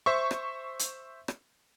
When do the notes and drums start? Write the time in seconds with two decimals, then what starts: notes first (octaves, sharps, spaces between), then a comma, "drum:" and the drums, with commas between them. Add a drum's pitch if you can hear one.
0.06 C5 E5 C#6
0.31 drum: rim click
0.79 drum: hi-hat
1.28 drum: rim click